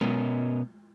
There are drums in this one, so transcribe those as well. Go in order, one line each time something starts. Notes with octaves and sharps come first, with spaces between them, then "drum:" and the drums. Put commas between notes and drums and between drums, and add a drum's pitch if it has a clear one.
B2 B3 C#4 A#4, drum: tom G#3